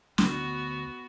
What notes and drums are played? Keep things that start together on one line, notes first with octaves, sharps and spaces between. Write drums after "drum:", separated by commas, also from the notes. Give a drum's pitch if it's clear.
D2 B3 F#4, drum: snare